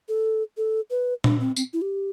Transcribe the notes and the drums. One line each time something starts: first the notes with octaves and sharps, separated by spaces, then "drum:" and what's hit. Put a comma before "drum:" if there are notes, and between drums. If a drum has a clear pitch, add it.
A4
A4
B4
D4, drum: tom A#2
C4
C4, drum: tambourine
E4
G4